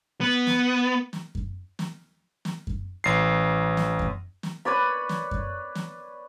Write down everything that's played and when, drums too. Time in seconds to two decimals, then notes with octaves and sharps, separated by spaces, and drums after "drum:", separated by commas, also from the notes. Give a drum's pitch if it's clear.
0.21 B3
0.47 drum: snare
1.13 drum: snare
1.35 drum: kick F#2
1.79 drum: snare
2.45 drum: snare
2.67 drum: kick F#2
3.04 A1 C7
3.77 drum: snare
3.99 drum: kick F#2
4.43 drum: snare
4.65 B4 C#5 D5 B5
5.09 drum: snare
5.31 drum: kick F#2
5.75 drum: snare